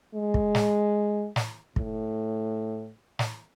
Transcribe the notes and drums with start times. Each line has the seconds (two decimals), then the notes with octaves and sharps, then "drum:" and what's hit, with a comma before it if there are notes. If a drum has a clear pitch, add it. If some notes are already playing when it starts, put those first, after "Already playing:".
0.14 G#3
0.34 drum: kick
0.55 drum: snare
1.36 drum: snare
1.76 A2, drum: kick
3.19 drum: snare